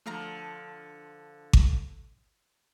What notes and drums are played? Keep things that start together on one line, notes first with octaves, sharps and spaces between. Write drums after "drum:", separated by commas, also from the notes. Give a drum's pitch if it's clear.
D3 F3 A3 F5 A#5
drum: kick G#1